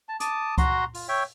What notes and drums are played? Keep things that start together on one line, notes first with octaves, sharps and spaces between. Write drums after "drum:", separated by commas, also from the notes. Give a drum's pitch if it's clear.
A5
A5 D6 D#6, drum: hi-hat
F#4 A#5 C6, drum: kick C#2, hi-hat
F4, drum: open hi-hat
C#5 E5 G5